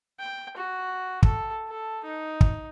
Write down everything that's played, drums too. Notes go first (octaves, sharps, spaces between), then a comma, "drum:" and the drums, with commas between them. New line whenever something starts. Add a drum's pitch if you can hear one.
G5
F#4
A4, drum: kick
A4
D#4
drum: kick